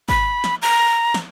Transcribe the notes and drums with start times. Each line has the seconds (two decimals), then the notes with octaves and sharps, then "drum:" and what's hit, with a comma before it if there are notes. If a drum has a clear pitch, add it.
0.09 B5, drum: kick G#1
0.44 drum: snare
0.62 A#5
1.14 drum: snare